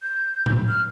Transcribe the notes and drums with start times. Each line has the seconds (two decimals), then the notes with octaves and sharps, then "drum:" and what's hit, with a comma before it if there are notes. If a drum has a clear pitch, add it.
0.02 G6
0.46 drum: tom A2
0.68 F6